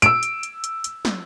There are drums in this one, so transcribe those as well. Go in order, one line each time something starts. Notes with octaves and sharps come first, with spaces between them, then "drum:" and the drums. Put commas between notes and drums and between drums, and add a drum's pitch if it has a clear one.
E6 D7, drum: hi-hat
drum: hi-hat
drum: hi-hat
drum: hi-hat
drum: hi-hat
drum: snare